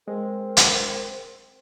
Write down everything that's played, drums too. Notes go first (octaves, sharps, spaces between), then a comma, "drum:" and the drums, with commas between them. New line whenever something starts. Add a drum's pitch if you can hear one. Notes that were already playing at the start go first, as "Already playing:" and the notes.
G#3 C4 A#4
drum: hi-hat